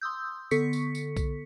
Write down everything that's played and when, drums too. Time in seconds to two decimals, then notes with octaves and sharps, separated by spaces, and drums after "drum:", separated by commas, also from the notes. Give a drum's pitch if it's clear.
0.01 C6 D#6 E6 G6
0.51 D3 B3 A4 C#6 B6 C#7, drum: tambourine
0.73 drum: tambourine
0.95 drum: tambourine
1.17 drum: kick B1, tambourine